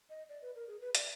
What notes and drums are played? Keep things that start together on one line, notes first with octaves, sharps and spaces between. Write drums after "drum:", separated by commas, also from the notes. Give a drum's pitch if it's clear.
D#5
D5
B4
A#4
G#4
B4
D5, drum: hi-hat